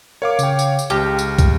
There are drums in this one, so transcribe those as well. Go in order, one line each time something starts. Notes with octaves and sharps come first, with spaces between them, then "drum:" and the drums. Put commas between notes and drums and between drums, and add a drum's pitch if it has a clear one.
A#4 C#5 F5 D6
C#3 G5, drum: tambourine
drum: tambourine
drum: tambourine
C#2 G4 A5 F6 A#6
drum: tambourine
drum: kick, tambourine